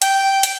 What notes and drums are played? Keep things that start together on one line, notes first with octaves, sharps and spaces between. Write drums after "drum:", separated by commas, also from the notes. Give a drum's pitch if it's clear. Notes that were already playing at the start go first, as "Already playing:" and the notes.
G5, drum: hi-hat
drum: hi-hat